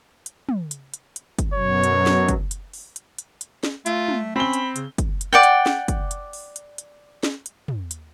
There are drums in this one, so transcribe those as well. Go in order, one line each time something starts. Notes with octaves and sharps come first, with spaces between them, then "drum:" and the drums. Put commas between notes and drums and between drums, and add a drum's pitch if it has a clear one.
drum: hi-hat
drum: tom
drum: hi-hat
drum: hi-hat
drum: hi-hat
drum: kick, hi-hat
F#2 B2 F#3 C#5
drum: hi-hat
drum: snare C#4
drum: kick, hi-hat
drum: hi-hat
drum: open hi-hat
drum: hi-hat
drum: hi-hat
drum: hi-hat
drum: snare C#4
A3 F4, drum: hi-hat
drum: tom
C4 C#4 B5 G7
drum: hi-hat
C#3, drum: hi-hat
drum: kick, hi-hat
drum: hi-hat
D5 F#5 G5
drum: hi-hat
drum: snare C#4
drum: kick, hi-hat
drum: hi-hat
drum: open hi-hat
drum: hi-hat
drum: hi-hat
drum: snare C#4
drum: hi-hat
drum: tom
drum: hi-hat